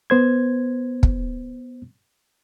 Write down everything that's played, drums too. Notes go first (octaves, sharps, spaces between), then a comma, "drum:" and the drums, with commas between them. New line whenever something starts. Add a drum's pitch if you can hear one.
B3 C5 G#6
drum: kick